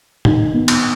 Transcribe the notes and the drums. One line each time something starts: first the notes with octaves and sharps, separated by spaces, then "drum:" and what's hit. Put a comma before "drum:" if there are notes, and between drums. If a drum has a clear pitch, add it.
D#3, drum: tom A2
B3
drum: cymbal